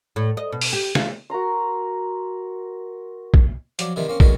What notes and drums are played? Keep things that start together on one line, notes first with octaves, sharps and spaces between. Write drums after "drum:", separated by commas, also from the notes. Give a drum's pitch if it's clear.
A2
D#5
B2
drum: open hi-hat
G4
F4, drum: snare
F#4 A#4 A#5 C6
drum: kick
F3 F#3 D5, drum: hi-hat
C3 D#3 E3 G3 C4 D#4
A#3 C4 C#4
D3 D#3 F#3 G#3 B3 C#4, drum: kick